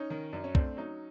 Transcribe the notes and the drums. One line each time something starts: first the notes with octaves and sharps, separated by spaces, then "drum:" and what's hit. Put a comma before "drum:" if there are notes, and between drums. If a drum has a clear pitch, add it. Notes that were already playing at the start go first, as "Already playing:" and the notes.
Already playing: C#4 D#4
D#3
F#2 D4
C#4
A3 C4 D4, drum: kick
F#3 C#4 D#4